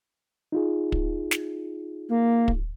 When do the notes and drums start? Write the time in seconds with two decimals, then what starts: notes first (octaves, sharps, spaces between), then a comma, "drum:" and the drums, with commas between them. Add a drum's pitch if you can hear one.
0.52 D#4 F4 G#4
0.92 drum: kick
1.31 drum: snare
2.09 A#3
2.48 drum: kick